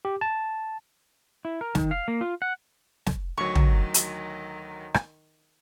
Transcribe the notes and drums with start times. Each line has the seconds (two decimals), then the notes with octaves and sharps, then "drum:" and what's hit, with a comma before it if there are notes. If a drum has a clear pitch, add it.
0.05 G4
0.21 A5
1.45 E4
1.61 A#4
1.75 D#3, drum: snare
1.91 F5
2.08 A#3
2.21 F4
2.42 F#5
3.06 drum: snare
3.37 D2 D#3 F#3 C#6
3.55 drum: tom
3.94 drum: hi-hat
4.94 drum: rim click